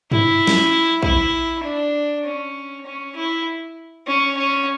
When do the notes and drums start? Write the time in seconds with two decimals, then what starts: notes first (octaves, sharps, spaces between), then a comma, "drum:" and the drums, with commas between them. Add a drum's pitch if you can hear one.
0.12 E4, drum: tom G2
0.47 drum: snare
1.03 E4, drum: kick
1.63 D4
2.24 C#4
2.86 C#4
3.16 E4
4.07 C#4
4.37 C#4